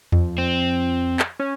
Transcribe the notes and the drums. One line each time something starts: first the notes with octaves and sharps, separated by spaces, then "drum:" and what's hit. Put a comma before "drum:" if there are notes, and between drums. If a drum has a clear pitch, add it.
F2, drum: tom E2
C4
drum: clap
C#4